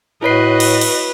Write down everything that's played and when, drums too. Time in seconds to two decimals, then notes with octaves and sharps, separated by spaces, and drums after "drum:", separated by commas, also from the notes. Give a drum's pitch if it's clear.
0.23 A2 E4 F#4 B4 C#5 D#5 C7
0.60 drum: cymbal
0.81 drum: cymbal